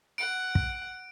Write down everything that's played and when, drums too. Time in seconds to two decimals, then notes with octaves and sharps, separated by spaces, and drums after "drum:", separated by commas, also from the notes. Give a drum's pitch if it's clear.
0.18 F#5 D7
0.55 drum: kick